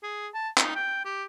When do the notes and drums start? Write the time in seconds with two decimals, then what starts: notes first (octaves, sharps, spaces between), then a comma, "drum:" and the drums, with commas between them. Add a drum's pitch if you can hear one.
0.03 G#4
0.34 A5
0.58 D#4, drum: clap
0.76 G5
1.05 G4